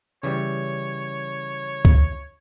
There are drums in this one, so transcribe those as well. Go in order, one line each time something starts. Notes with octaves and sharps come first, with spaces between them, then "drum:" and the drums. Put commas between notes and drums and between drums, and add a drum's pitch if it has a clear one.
C#3 E3 G3 C#5, drum: tambourine
drum: kick C#2